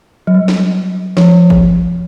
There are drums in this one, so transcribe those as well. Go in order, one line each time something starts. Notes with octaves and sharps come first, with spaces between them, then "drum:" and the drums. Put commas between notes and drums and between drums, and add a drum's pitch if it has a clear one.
F#3
G3
drum: snare
F3, drum: snare
drum: kick G#1